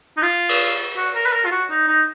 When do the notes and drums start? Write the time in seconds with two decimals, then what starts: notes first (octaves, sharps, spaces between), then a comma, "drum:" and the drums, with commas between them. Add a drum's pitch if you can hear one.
0.17 D#4
0.22 F4
0.49 drum: cymbal
0.97 F#4
1.15 A#4
1.26 B4
1.33 A#4
1.45 F4
1.51 F#4
1.70 D#4
1.88 D#4